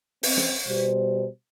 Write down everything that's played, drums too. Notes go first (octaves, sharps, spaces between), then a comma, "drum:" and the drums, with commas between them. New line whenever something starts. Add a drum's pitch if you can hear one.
C4, drum: open hi-hat
drum: snare
B2 G3 C5